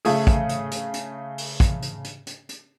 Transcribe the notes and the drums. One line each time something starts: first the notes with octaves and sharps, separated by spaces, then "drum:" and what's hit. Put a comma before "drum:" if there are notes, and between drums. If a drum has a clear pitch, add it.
C#3 A3 G#4, drum: open hi-hat
drum: kick, hi-hat
drum: hi-hat
drum: hi-hat
drum: hi-hat
drum: open hi-hat
drum: kick, hi-hat
drum: hi-hat
drum: hi-hat
drum: hi-hat
drum: hi-hat